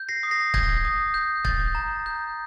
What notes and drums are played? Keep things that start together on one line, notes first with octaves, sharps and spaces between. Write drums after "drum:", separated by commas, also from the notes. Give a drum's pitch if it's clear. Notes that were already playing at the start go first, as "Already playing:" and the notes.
Already playing: G6
A#6 C7
D#6
A#6 C7
G6 G#6 A#6, drum: kick
D#6
G6
G6 A6, drum: kick
A#5
G6